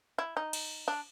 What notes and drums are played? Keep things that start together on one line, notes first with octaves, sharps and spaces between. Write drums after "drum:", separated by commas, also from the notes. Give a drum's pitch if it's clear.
E4
D#4
drum: cymbal
D4